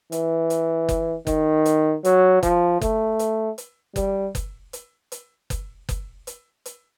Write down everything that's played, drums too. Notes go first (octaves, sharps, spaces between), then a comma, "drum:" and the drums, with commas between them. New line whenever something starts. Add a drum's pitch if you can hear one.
E3, drum: hi-hat
drum: hi-hat
drum: kick F#1, hi-hat
D#3, drum: kick F#1, hi-hat
drum: hi-hat
F#3, drum: hi-hat
F3, drum: kick F#1, hi-hat
A3, drum: kick F#1, hi-hat
drum: hi-hat
drum: hi-hat
G3, drum: kick F#1, hi-hat
drum: kick F#1, hi-hat
drum: hi-hat
drum: hi-hat
drum: kick F#1, hi-hat
drum: kick F#1, hi-hat
drum: hi-hat
drum: hi-hat